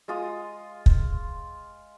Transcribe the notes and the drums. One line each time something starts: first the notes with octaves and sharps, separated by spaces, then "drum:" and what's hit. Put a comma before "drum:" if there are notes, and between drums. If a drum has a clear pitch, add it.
G#3 F4 D#6
drum: kick